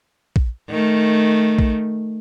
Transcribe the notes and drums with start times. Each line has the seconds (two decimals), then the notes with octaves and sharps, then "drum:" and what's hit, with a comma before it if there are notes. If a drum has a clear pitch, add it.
0.36 drum: kick A#1
0.70 D#3 A3
1.59 drum: kick A#1